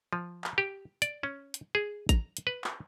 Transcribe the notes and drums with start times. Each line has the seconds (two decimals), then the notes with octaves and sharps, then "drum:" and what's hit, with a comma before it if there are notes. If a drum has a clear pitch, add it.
0.13 F3
0.44 drum: clap
0.58 G4
1.02 D5, drum: hi-hat
1.23 C#4
1.54 drum: hi-hat
1.75 G#4
2.09 A#5, drum: kick A1, hi-hat
2.37 drum: hi-hat
2.47 B4
2.64 drum: clap